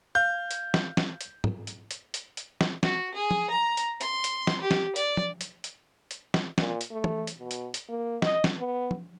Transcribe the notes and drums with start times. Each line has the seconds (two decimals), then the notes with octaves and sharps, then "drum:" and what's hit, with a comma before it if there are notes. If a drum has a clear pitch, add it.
0.15 F5 G6
0.51 drum: hi-hat
0.74 drum: snare
0.97 drum: snare
1.21 drum: hi-hat
1.44 drum: tom
1.67 drum: hi-hat
1.91 drum: hi-hat
2.14 drum: hi-hat
2.37 drum: hi-hat
2.61 drum: snare
2.83 F#4, drum: snare
3.14 G#4
3.31 drum: tom
3.50 A#5
3.77 drum: hi-hat
4.01 C6, drum: hi-hat
4.24 drum: hi-hat
4.47 drum: snare
4.61 G4
4.71 drum: snare
4.96 D5, drum: hi-hat
5.17 drum: tom
5.41 drum: hi-hat
5.64 drum: hi-hat
6.11 drum: hi-hat
6.34 drum: snare
6.58 A#2, drum: snare
6.81 drum: hi-hat
6.91 A3
7.04 drum: tom E3
7.27 drum: hi-hat
7.38 B2
7.51 drum: hi-hat
7.74 drum: hi-hat
7.89 A#3
8.22 D#5, drum: snare
8.44 drum: snare
8.59 B3
8.91 drum: tom